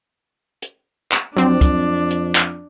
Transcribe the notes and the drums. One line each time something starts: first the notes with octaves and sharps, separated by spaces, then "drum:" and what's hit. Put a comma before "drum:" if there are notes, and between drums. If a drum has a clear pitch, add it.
drum: hi-hat
drum: clap
F2 F#3 C4 D4
drum: kick, hi-hat
drum: hi-hat
drum: clap